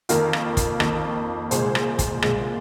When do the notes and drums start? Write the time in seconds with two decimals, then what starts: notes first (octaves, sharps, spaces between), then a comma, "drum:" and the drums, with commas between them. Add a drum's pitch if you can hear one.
0.09 F2 D#3 A#3 F4 A#4, drum: hi-hat
0.33 drum: rim click
0.57 drum: kick, hi-hat
0.80 F2 D#3 A#3, drum: rim click
1.51 C2 A#2 G#3 G#4 C5, drum: hi-hat
1.75 drum: rim click
1.99 drum: kick, hi-hat
2.22 C2 A#2 G#3, drum: rim click